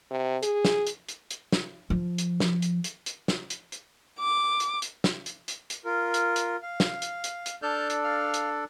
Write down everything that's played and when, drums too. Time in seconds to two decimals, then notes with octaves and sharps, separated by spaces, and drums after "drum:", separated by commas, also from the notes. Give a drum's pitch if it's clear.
0.11 C3
0.43 G#4, drum: hi-hat
0.65 drum: snare
0.87 drum: hi-hat
1.09 drum: hi-hat
1.31 drum: hi-hat
1.52 drum: snare
1.90 F3
2.18 drum: hi-hat
2.40 drum: snare
2.62 drum: hi-hat
2.84 drum: hi-hat
3.06 drum: hi-hat
3.28 drum: snare
3.50 drum: hi-hat
3.72 drum: hi-hat
4.20 D6
4.60 drum: hi-hat
4.82 drum: hi-hat
5.04 drum: snare
5.26 drum: hi-hat
5.48 drum: hi-hat
5.70 drum: hi-hat
5.85 F4 A#4
6.14 drum: hi-hat
6.36 drum: hi-hat
6.62 F5
6.80 drum: snare
7.02 drum: hi-hat
7.24 drum: hi-hat
7.46 drum: hi-hat
7.62 D4 A4 D5 A5 F6 G6
7.90 drum: hi-hat
8.04 F5 F6
8.34 drum: hi-hat